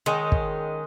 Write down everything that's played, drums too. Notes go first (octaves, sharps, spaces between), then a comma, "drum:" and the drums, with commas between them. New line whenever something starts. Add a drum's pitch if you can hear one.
D#3 G#3 C#4 D#5
drum: kick